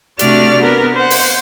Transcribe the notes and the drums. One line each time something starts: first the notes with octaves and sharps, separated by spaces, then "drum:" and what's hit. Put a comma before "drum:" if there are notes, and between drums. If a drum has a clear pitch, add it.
C3 A3 D4 F#4 D5 F6, drum: hi-hat
B3 A#4
C5 F#5
drum: open hi-hat